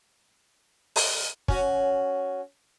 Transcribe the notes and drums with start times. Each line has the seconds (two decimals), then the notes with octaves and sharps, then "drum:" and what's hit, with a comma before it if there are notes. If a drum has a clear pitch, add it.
0.96 drum: open hi-hat
1.48 C#4 F#4, drum: kick